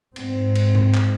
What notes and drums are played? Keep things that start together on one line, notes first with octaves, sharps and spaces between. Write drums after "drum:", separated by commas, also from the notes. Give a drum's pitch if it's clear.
G#2 C4, drum: cymbal
drum: cymbal
drum: tom A2
drum: clap